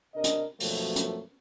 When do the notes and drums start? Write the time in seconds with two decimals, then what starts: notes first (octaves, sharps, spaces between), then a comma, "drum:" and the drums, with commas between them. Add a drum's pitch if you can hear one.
0.13 C3 D4 A#4 D#5
0.24 drum: hi-hat
0.60 F#2 B2 F3 F#3 A3 A#3, drum: open hi-hat
0.96 drum: hi-hat